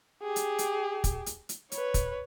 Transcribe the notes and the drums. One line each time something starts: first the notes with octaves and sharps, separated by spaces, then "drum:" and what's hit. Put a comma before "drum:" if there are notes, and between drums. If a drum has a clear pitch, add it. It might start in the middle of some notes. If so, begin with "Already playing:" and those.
G4 G#4
drum: hi-hat
drum: hi-hat
drum: kick, hi-hat
drum: hi-hat
drum: hi-hat
B4 C#5, drum: hi-hat
drum: kick, hi-hat